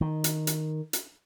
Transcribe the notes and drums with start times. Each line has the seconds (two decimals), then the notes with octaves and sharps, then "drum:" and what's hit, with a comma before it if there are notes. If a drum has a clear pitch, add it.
0.01 D#3
0.24 drum: hi-hat
0.47 drum: hi-hat
0.93 drum: hi-hat